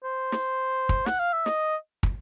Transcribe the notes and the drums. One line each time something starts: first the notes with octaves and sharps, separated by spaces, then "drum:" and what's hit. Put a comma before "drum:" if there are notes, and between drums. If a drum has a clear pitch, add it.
C5
drum: snare
drum: kick
F#5, drum: snare
F5
E5
D#5, drum: snare
drum: kick